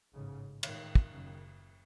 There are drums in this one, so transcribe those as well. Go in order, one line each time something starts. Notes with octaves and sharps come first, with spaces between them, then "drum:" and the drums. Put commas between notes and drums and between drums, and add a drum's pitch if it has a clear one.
A1 G#2 C#3
A1 G#2 D#3, drum: cymbal
drum: kick
F#1 F#2 C#3